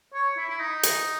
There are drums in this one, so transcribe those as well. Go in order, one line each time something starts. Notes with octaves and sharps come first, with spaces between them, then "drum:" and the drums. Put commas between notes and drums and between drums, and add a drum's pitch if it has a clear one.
C#5
E4
E4
D#4
drum: hi-hat